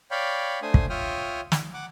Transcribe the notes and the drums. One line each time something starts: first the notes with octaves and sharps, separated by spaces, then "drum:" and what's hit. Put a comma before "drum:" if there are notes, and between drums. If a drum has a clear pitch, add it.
C#5 D5 F5 G5 B5
A3 D4 C5 G#5 D#6
drum: kick
F4 C#5 E5 G5 D#6 F6
drum: snare
F#5 D6